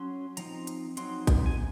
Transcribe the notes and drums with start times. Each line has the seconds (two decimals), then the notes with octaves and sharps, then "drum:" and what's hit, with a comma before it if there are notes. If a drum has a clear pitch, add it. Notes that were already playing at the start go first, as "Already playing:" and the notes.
Already playing: F#3 C#4 C6
0.37 F3 C4 D#4 A#5, drum: hi-hat
0.67 drum: hi-hat
0.97 F#3 C4 D#4 C6, drum: hi-hat
1.27 drum: kick A1, hi-hat
1.46 G#5